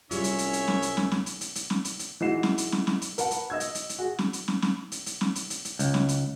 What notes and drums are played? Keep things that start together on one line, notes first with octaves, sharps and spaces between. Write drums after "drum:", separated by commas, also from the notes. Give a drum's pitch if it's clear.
C2 G3 G#3 C#4 F4 C#5 E5, drum: hi-hat
drum: hi-hat
drum: hi-hat
drum: hi-hat
drum: snare
drum: hi-hat
drum: snare
drum: snare
drum: hi-hat
drum: hi-hat
drum: hi-hat
drum: snare
drum: hi-hat
drum: hi-hat
E3 G#3 D#4 F#4 C7 E7
drum: snare
drum: hi-hat
drum: snare
drum: snare
drum: hi-hat
A#4 B4 F#5 A5, drum: hi-hat
drum: hi-hat
D#5 E6 G#6
drum: hi-hat
drum: hi-hat
drum: hi-hat
F#4 G#4
drum: snare
drum: hi-hat
drum: snare
drum: snare
drum: hi-hat
drum: hi-hat
drum: snare
drum: hi-hat
drum: hi-hat
drum: hi-hat
C#2, drum: hi-hat
drum: snare
drum: hi-hat